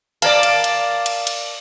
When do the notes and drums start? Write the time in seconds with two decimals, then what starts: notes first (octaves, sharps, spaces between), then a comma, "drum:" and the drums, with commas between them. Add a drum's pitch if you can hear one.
0.22 A#4 C#5 D5 F5 A5, drum: cymbal
0.43 drum: cymbal
0.64 drum: cymbal
1.06 drum: cymbal
1.27 drum: cymbal